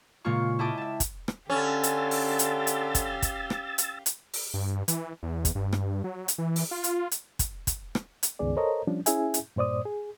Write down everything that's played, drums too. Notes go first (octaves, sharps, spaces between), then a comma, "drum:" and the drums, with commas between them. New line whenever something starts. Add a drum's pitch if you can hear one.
A#2 C#3 G#3 A#3 F4 C#6
E4 D#5 G5 A5 D6 D7
E5 A5
drum: kick, hi-hat
drum: rim click
D3 C#4 G4 F5 E6 A6
drum: hi-hat
drum: open hi-hat
drum: hi-hat
drum: hi-hat
drum: kick, hi-hat
drum: kick, hi-hat
drum: rim click
drum: hi-hat
drum: hi-hat
drum: open hi-hat
G2
E3, drum: hi-hat
E2
drum: kick, hi-hat
G2
drum: rim click
F#3
drum: hi-hat
E3
drum: open hi-hat
F4
drum: hi-hat
drum: hi-hat
drum: kick, hi-hat
drum: kick, hi-hat
drum: rim click
drum: hi-hat
C#2 G2 D#3 B3 G#4 D5
A4 A#4 C5 C#5 D#5 A#5
F3 G3 C#4 D4
C#4 E4 G#4 E5 G#5, drum: hi-hat
drum: hi-hat
G2 A#2 C5 D5 D#6
G#4